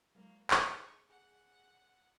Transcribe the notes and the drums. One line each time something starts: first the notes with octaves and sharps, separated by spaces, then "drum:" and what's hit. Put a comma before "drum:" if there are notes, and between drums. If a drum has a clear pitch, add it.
F#3 G#3 A#3
G#4 C#6, drum: clap
G#4 F#5 G#5